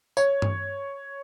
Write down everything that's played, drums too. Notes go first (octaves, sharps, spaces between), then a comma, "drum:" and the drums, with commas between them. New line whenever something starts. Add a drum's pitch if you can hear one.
C#5, drum: tambourine
drum: tom G2